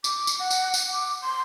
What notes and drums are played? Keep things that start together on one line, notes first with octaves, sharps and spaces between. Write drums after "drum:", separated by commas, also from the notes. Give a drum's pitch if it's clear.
D6, drum: tambourine
drum: tambourine
F#5
drum: tambourine
drum: tambourine
D6
C6